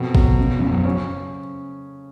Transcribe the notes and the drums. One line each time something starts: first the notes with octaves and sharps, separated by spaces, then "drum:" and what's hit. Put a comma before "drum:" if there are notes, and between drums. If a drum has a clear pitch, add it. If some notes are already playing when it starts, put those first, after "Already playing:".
Already playing: F2 B2
F#3, drum: kick A1
C#3
F2 C#3
F#2
C#4